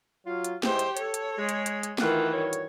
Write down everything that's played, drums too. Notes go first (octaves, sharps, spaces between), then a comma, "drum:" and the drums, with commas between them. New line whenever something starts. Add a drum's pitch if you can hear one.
F#3 F4
drum: hi-hat
G#2 E3 G4 C5, drum: snare
drum: hi-hat
A4 C#5, drum: hi-hat
drum: hi-hat
G#3
drum: hi-hat
drum: hi-hat
drum: hi-hat
D#3 E3 A3 F4 F#5, drum: snare
G2 F#4 C#5
drum: hi-hat